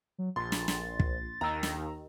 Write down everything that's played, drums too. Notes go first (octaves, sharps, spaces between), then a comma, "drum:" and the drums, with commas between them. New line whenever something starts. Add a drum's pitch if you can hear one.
F#3
A#1 C6 A6
drum: snare
drum: snare
drum: kick
D#2 D#3 A#5 E6
drum: snare